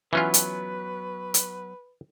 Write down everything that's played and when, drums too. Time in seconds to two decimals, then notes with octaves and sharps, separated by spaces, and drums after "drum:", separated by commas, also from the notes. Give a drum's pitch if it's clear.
0.13 E3 F#3 B3 C#4 F4 B4
0.34 drum: hi-hat
1.34 drum: hi-hat